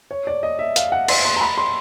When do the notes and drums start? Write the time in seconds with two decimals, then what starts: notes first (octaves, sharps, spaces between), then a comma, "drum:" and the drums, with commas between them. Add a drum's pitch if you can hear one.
0.11 C#5
0.27 D5
0.43 D#5
0.59 E5
0.76 F5, drum: hi-hat
0.92 F#5
1.08 C6, drum: cymbal
1.25 C6
1.36 A#5
1.41 B5
1.58 C6